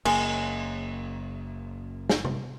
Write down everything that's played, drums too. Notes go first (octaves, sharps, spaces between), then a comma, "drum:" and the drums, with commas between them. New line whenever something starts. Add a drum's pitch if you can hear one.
F#1 G#3 A#3, drum: cymbal
drum: snare
drum: tom C3